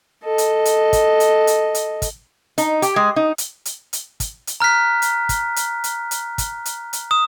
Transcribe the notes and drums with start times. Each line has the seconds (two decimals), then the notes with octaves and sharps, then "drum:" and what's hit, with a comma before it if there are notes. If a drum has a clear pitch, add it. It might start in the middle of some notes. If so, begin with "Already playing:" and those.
0.25 A4 D#5
0.38 drum: hi-hat
0.65 drum: hi-hat
0.93 drum: kick, hi-hat
1.20 drum: hi-hat
1.47 drum: hi-hat
1.75 drum: hi-hat
2.02 drum: kick, hi-hat
2.58 D#4, drum: hi-hat
2.82 G4, drum: hi-hat
2.96 G#3
3.16 D#4
3.38 drum: hi-hat
3.65 drum: hi-hat
3.93 drum: hi-hat
4.20 drum: kick, hi-hat
4.47 drum: hi-hat
4.60 A#5 F6 F#6 B6
5.02 drum: hi-hat
5.29 drum: kick, hi-hat
5.56 drum: hi-hat
5.84 drum: hi-hat
6.11 drum: hi-hat
6.38 drum: kick, hi-hat
6.65 drum: hi-hat
6.93 drum: hi-hat
7.11 D#6 E7